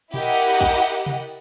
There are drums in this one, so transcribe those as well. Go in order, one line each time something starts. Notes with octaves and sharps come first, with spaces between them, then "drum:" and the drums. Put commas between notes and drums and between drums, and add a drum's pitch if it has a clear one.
E4 G4 A#4 D#5 F#5, drum: tom A#2
drum: cymbal
drum: kick, cymbal
drum: cymbal
drum: tom C3